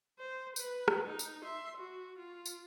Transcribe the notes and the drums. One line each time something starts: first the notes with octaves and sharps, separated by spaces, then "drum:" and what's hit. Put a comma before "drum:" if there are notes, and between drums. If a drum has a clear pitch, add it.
C5
B4, drum: tambourine
drum: rim click
D#4
drum: tambourine
E5 C6
F#4
F4
drum: tambourine